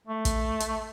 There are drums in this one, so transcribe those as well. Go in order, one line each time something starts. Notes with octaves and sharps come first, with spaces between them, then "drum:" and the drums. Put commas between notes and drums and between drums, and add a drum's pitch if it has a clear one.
A3
drum: kick, hi-hat
drum: hi-hat